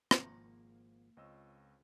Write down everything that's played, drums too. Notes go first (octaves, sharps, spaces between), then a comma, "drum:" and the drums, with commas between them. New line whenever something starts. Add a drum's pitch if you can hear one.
G#1 F3 A#3, drum: rim click
C#2 C4 F4 C#5 D#5 E6